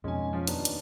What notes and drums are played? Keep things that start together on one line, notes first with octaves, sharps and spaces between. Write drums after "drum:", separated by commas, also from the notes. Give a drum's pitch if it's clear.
F2 B2 G#3 C#4 D#4 G#5
F3 C#4
D#2 D4 D#4 B4, drum: hi-hat
drum: hi-hat